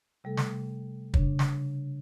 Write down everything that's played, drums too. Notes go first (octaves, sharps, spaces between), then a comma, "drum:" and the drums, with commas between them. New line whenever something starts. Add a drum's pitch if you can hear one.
C3 G3 A3 A4
drum: snare
C#3 D4, drum: kick
drum: snare